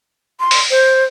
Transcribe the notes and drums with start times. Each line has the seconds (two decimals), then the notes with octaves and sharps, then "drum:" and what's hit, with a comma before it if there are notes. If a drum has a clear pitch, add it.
0.40 C6
0.51 drum: open hi-hat
0.71 C5